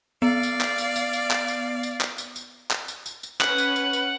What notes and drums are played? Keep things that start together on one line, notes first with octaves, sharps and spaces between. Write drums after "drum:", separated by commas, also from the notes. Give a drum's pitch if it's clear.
B3 D5 F5
drum: tambourine
drum: clap
drum: tambourine
drum: tambourine
drum: tambourine
drum: clap
drum: tambourine
drum: tambourine
drum: clap
drum: tambourine
drum: tambourine
drum: clap
drum: tambourine
drum: tambourine
drum: tambourine
C#4 B4 F#5, drum: clap
drum: tambourine
drum: tambourine
drum: tambourine